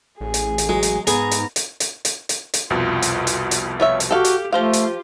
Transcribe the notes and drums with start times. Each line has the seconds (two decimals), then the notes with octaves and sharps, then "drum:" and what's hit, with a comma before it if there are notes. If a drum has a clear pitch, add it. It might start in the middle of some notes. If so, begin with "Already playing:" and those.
0.20 A1 G#4
0.34 drum: hi-hat
0.58 drum: hi-hat
0.69 F#3 G#3
0.83 drum: hi-hat
1.07 G#2 B3 G#4 A#5, drum: hi-hat
1.31 drum: hi-hat
1.56 drum: hi-hat
1.80 drum: hi-hat
2.05 drum: hi-hat
2.29 drum: hi-hat
2.54 drum: hi-hat
2.70 C2 F2 B2 F4
3.02 drum: hi-hat
3.27 drum: hi-hat
3.51 drum: hi-hat
3.80 F4 C#5 E5
4.00 drum: hi-hat
4.11 F#4 G4 A4 F5
4.25 drum: hi-hat
4.53 F3 A3 F4 G4 C5 F5
4.73 drum: hi-hat